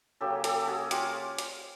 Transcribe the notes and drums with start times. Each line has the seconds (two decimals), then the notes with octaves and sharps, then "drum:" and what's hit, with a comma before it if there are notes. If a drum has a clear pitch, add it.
0.21 C#3 F#3 A#3 C#4 G4 A4
0.35 G#4
0.44 G4 A4, drum: hi-hat
0.68 F#4 G#4
0.91 F4 G4, drum: hi-hat
1.38 drum: hi-hat